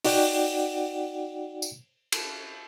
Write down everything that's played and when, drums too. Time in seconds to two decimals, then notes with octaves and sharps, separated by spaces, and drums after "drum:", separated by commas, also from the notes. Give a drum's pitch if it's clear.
0.05 D#4 F#4 D5 F#5 G5, drum: open hi-hat
1.62 drum: tambourine
2.12 drum: cymbal